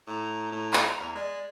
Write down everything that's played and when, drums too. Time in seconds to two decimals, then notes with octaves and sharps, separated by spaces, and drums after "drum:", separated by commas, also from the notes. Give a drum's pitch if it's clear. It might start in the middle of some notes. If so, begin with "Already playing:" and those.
0.07 A2 A#5
0.52 A2
0.73 drum: clap
1.00 E2
1.16 G#3 D5